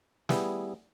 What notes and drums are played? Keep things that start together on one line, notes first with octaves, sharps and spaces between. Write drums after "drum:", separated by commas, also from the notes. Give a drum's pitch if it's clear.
G3 B3 E4 G#4, drum: snare